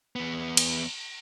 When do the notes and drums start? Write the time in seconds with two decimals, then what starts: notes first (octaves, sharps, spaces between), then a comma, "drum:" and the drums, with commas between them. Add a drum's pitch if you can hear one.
0.16 E2 B3
0.57 drum: cymbal